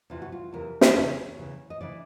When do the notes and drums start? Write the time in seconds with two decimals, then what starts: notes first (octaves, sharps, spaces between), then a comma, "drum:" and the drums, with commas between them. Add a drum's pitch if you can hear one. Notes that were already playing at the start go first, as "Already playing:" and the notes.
0.10 E2 C3 E3 F4
0.22 F#4
0.32 F4
0.52 E2 C3 E3 A#4
0.81 drum: snare
0.95 E2 C#3 E3 C#5
1.38 E2 C#3 E3
1.70 D#5
1.81 C#3 E3 D5